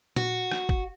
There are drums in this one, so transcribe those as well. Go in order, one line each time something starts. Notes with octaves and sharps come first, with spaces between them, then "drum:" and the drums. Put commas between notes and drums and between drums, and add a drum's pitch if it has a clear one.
F#4, drum: tom A#2
drum: rim click
drum: kick G#1